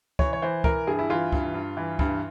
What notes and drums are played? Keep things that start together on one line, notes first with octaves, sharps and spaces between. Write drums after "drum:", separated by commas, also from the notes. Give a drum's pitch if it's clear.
E3 C#5, drum: kick C#2
C#5
E3 C5
E3 A#4, drum: kick C#2
G2 G#4
E4
E3 F4
G2, drum: kick C#2
G2
E3
G2, drum: kick C#2